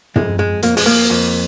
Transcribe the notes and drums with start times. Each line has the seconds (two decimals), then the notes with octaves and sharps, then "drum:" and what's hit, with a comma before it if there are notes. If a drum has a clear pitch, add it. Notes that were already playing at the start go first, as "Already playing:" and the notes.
0.16 F2 G#3, drum: tom
0.39 G#3
0.63 F2 A#3, drum: hi-hat
0.77 G#3, drum: open hi-hat
0.86 A#3
1.10 F2